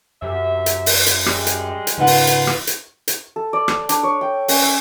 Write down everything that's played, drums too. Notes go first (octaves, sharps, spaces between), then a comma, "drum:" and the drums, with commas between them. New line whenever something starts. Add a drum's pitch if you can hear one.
F#2 C3 E5
drum: hi-hat
drum: open hi-hat
drum: hi-hat
G3 G#3, drum: rim click
drum: hi-hat
drum: hi-hat
G#2 C#3 D#4 F4 B4 F#5
drum: open hi-hat
drum: hi-hat
drum: rim click
drum: hi-hat
drum: hi-hat
A4
D5
drum: rim click
D4, drum: hi-hat
C#5
G5
C#4, drum: open hi-hat
E6